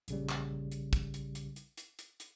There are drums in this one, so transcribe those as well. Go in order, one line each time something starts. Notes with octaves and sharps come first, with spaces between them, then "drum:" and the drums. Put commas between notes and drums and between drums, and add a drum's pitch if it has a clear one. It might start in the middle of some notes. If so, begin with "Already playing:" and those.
A#1 C#3 G3, drum: hi-hat
drum: clap
drum: hi-hat
drum: kick, hi-hat
drum: hi-hat
drum: hi-hat
drum: hi-hat
drum: hi-hat
drum: hi-hat
drum: hi-hat